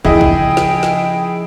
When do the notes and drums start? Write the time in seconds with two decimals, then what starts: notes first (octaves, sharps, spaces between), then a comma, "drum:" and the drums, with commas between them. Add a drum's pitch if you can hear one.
0.05 C#3 F3 E4 G#4 D#5 G5, drum: kick
0.21 drum: kick
0.57 drum: snare
0.83 drum: snare